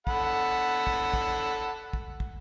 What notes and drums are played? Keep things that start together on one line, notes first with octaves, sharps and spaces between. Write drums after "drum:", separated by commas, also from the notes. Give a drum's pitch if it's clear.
A4 F#5 B5, drum: kick
drum: kick
drum: kick
drum: kick
drum: kick